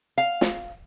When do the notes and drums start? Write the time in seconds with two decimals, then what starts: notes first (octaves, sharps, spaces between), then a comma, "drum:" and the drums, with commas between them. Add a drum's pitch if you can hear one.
0.18 F5
0.41 drum: snare